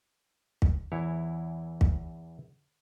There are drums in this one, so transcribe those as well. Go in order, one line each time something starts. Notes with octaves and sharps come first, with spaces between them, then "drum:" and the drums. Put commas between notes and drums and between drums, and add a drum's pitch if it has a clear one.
drum: kick
E2 E3 E4 C#5
drum: kick